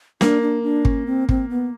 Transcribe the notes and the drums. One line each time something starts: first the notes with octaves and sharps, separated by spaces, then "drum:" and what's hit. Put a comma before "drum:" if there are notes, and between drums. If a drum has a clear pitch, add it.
A#3 D4, drum: snare
D4
D4
C#4, drum: kick
C4
C4, drum: kick
B3